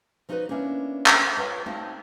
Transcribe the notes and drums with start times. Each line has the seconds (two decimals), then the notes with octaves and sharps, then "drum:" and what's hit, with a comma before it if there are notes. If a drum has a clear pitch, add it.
0.29 F3 D#4 F#4 A#4 B4 D5
0.49 A#3 B3 C#4 D4 E4
1.06 drum: clap
1.37 F4 B4 C#5
1.66 A3 C4 D#4 F#4 F5 A5